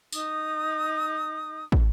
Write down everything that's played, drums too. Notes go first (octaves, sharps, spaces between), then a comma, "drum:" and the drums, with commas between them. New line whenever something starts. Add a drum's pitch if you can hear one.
D#4 D#6, drum: tambourine
drum: kick